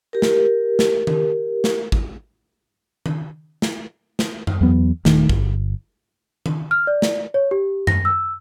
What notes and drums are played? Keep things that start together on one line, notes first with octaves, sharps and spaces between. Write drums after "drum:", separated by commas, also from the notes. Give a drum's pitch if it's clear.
G4 A#4
drum: snare
drum: snare
drum: tom D#3
drum: snare
drum: kick G#1
drum: tom D#3
drum: snare
drum: snare
drum: tom F#2
E2 F#3 B3
D#1 D#3 A3, drum: snare
G1, drum: kick G#1
drum: tom D#3
F6
D5
drum: snare
C#5
G4
A#6, drum: tom F#2
E6